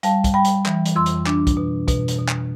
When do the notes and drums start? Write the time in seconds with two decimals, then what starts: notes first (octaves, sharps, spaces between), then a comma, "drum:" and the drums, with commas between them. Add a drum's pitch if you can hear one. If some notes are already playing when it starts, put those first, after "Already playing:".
0.03 G3 F5 A5, drum: hi-hat
0.24 drum: kick, hi-hat
0.34 G3 G5 B5
0.45 drum: hi-hat
0.66 E3, drum: clap
0.86 drum: hi-hat
0.96 F2 C6 E6
1.06 drum: hi-hat
1.27 D4, drum: clap
1.47 drum: kick, hi-hat
1.57 B2
1.88 B2, drum: kick, hi-hat
2.08 drum: hi-hat
2.19 B2
2.29 drum: clap